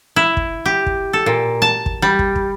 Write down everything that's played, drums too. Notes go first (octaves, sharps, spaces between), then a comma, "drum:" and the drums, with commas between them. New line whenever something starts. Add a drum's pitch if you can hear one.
E4
drum: kick
G4
drum: kick
A4
A#2
A5
drum: kick
G3
drum: kick
drum: kick